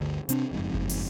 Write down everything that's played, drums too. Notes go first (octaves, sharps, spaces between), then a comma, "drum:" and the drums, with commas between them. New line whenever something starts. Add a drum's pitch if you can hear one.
G1 D2
C3 C4 D4, drum: hi-hat
F#1 F2 G#2
drum: kick F#1
drum: open hi-hat